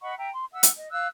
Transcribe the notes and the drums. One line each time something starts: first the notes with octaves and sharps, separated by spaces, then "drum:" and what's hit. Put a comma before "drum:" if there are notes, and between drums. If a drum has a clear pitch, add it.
D#5 F#5 B5 C#6
E5 G5 A#5
C6
E5 F#5 E6
drum: hi-hat
D#5
F5 E6 F#6